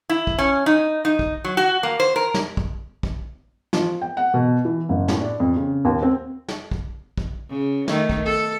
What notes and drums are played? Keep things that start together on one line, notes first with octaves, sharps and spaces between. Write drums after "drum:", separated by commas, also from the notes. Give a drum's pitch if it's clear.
E4
drum: kick
C#4
D#4
D#4
drum: kick
F#3
F#4
A#3
C5
A#4
drum: snare
drum: kick
drum: kick
F3, drum: snare
G5
F#5
B2
E3
F#1
A2, drum: snare
D4
F2
C#3
D#2
C4
drum: snare
drum: kick
drum: kick
C#3
D#3 A3, drum: snare
drum: kick
A4